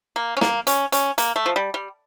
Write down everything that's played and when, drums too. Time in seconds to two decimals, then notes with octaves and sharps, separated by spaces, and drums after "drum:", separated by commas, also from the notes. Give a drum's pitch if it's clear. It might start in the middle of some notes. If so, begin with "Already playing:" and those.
0.16 A#3
0.37 C#4
0.41 A#3, drum: snare
0.67 C#4, drum: hi-hat
0.92 C#4, drum: hi-hat
1.18 A#3, drum: hi-hat
1.36 A3
1.46 F3
1.56 G3
1.74 G3